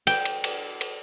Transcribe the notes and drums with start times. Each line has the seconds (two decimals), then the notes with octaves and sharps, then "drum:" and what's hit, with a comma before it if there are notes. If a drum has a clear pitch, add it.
0.07 G5, drum: cymbal
0.25 drum: cymbal
0.44 drum: cymbal
0.81 drum: cymbal